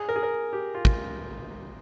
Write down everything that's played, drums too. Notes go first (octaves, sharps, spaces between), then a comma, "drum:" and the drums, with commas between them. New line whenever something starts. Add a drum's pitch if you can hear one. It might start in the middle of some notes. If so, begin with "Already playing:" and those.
Already playing: G#4
A#4
G#4
A#4
G4
F4
drum: kick